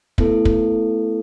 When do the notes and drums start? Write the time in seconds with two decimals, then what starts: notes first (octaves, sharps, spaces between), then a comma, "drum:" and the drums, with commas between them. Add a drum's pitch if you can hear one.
0.18 A3 B3 E4 A4, drum: kick
0.45 drum: kick